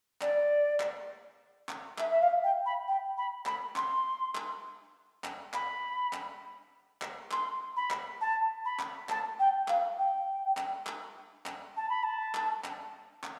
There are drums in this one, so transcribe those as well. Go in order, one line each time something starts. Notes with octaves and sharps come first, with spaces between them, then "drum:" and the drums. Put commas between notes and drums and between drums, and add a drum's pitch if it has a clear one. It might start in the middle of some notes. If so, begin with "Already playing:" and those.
D5, drum: clap
drum: clap
drum: clap
E5, drum: clap
E5
F5
G5
B5
G5
B5
B5, drum: clap
C6, drum: clap
drum: clap
drum: clap
B5, drum: clap
drum: clap
drum: clap
C6, drum: clap
B5
drum: clap
A5
B5
drum: clap
A5, drum: clap
G5
F5, drum: clap
G5
drum: clap
drum: clap
drum: clap
A5
B5
A5
drum: clap
drum: clap
drum: clap